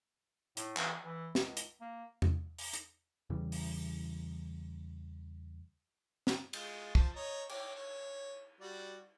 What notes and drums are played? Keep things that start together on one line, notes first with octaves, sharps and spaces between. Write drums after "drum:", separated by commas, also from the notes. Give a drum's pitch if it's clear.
A2, drum: hi-hat
E3, drum: clap
E3
C#2, drum: snare
drum: hi-hat
A#3
drum: tom E2
drum: open hi-hat
drum: hi-hat
E2 C#3 E3 G3
drum: open hi-hat
drum: snare
G#3 F4, drum: cymbal
F3 C5 A5, drum: kick
C#5 D#5 A#5
C#5 G5 D6, drum: cymbal
C#5
G3 F#4 D5